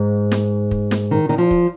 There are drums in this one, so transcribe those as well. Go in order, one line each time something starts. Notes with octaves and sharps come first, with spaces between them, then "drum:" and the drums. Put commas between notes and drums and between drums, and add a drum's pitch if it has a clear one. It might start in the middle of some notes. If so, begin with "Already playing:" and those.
Already playing: G#2
drum: snare
drum: kick
drum: snare
D#3
D#3
F3
drum: kick